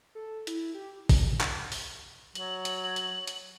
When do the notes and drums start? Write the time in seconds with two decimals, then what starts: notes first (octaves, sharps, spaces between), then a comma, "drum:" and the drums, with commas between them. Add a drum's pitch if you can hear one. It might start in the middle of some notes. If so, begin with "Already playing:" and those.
0.15 A4
0.47 E4, drum: hi-hat
0.74 G4
1.09 drum: kick, open hi-hat
1.41 drum: clap
1.72 drum: open hi-hat
2.35 F#3 F#7, drum: hi-hat
2.65 drum: hi-hat
2.96 drum: hi-hat
3.27 drum: hi-hat